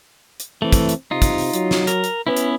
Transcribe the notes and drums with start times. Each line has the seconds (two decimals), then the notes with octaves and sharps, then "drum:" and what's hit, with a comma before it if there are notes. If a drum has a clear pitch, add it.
0.40 drum: hi-hat
0.62 E3 A3 C4
0.73 drum: kick, hi-hat
0.89 drum: hi-hat
1.11 C3 D#4 F4
1.22 drum: kick, hi-hat
1.38 drum: open hi-hat
1.53 F#3, drum: hi-hat
1.71 drum: snare
1.87 A#4, drum: hi-hat
2.04 drum: hi-hat
2.27 B3 C#4 E4 B4
2.37 drum: hi-hat